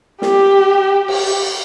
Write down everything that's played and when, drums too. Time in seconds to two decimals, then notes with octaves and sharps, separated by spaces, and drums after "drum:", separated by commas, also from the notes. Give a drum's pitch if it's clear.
0.22 G4, drum: snare
1.08 G4, drum: cymbal